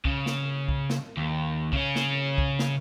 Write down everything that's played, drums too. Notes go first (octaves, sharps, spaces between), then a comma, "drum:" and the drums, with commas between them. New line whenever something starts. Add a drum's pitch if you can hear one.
C#3, drum: kick
drum: snare
drum: kick
drum: snare
D#2
C#3 C#4, drum: kick
drum: snare
drum: kick
drum: snare